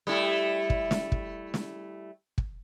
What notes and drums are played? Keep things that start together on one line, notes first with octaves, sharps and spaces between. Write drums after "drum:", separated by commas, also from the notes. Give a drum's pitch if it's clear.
G3 A3 E4
drum: kick
drum: snare
drum: kick
drum: snare
drum: kick